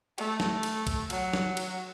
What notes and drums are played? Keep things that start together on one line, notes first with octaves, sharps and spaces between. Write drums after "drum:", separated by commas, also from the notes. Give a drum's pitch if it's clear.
A3, drum: cymbal
drum: snare
drum: cymbal
drum: kick, cymbal
F#3, drum: cymbal
drum: snare
drum: cymbal